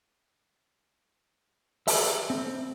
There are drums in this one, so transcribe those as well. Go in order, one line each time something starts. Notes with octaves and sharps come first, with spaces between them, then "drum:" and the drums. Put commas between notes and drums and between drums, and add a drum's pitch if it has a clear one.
E5, drum: open hi-hat
C4